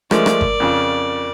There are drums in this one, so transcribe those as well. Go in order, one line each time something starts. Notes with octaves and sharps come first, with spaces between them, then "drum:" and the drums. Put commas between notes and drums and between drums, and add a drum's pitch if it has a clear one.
F3 G#3 A3 A#4 D5, drum: rim click
drum: rim click
drum: kick G1
F2 C#3 F4